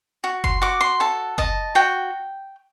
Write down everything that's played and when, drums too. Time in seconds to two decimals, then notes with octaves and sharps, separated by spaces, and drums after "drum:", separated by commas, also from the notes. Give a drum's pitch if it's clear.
0.24 F#4
0.44 C6, drum: kick F#1
0.62 F#4 D6
0.81 C6
1.00 A4 A5
1.38 D#5 A5, drum: kick F#1
1.75 F#4 G5